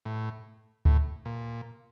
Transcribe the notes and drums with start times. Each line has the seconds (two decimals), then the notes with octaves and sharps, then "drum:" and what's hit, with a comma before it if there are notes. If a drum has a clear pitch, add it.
0.05 A2
0.85 A2, drum: kick D2
1.25 A#2